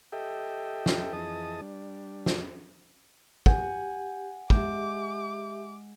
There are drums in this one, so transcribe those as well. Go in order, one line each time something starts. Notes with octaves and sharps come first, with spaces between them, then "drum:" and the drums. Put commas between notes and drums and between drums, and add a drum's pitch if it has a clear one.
G4 A4 D#5 E5 G5
drum: snare
F2 E3 G#4 D#5 A5 D#6
G3 D4
drum: snare
G4 F#5 G#5, drum: kick
G#3 G4 E5 D6, drum: kick